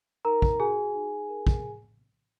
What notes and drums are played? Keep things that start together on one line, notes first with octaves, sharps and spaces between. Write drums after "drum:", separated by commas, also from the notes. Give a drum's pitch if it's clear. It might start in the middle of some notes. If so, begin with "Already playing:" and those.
D#4 A#4 A#5
drum: kick
F#4 G#4 G#5
D#4
A#4
drum: kick